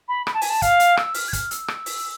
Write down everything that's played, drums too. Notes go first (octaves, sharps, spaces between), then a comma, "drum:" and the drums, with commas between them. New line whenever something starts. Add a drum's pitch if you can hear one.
B5
B5, drum: rim click
A5
G#5, drum: open hi-hat
A5
F5, drum: kick, hi-hat
drum: hi-hat
E6, drum: rim click
F6, drum: open hi-hat
G#6
F6, drum: kick, hi-hat
E6, drum: hi-hat
drum: rim click
drum: open hi-hat